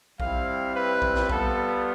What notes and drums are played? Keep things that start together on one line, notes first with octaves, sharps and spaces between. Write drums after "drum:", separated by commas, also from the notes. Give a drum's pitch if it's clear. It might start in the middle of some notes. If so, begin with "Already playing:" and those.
G3 C4 E4 F5, drum: kick A#1
B4
drum: kick A#1
drum: snare
G3 B3 F4 A4, drum: kick A#1